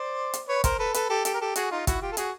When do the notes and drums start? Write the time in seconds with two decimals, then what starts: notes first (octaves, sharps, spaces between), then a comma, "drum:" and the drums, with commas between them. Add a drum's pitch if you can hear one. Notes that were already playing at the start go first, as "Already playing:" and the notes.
Already playing: C5 D5
0.33 drum: hi-hat
0.49 B4 C#5
0.64 A#4 C5, drum: kick, hi-hat
0.79 A4 B4
0.94 A4 B4, drum: hi-hat
1.10 G4 A4
1.25 G4 A4, drum: hi-hat
1.34 A#4
1.41 G4 A4
1.56 F#4 G#4, drum: hi-hat
1.71 D#4 F4
1.87 E4 F#4, drum: kick, hi-hat
2.01 F4 G4
2.12 A4
2.17 F#4 G#4, drum: hi-hat